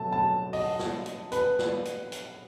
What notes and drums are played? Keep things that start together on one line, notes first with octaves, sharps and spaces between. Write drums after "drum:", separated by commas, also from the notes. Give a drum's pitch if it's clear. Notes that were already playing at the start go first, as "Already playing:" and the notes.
Already playing: B2 F#3 A3 A5
A5
D#5, drum: open hi-hat
drum: snare
drum: hi-hat
B4, drum: hi-hat
drum: snare
drum: hi-hat
drum: hi-hat